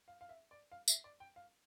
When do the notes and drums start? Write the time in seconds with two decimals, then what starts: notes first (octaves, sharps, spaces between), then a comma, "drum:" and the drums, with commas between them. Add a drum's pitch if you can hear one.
0.08 F5
0.21 F5
0.29 E5
0.51 D5
0.72 F5
0.88 E5, drum: tambourine
1.04 D5
1.20 G5
1.36 F5